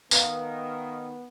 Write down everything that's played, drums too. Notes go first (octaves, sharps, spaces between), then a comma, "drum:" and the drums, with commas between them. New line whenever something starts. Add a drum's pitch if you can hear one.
D#3 B3 B4 F5 A#5, drum: tambourine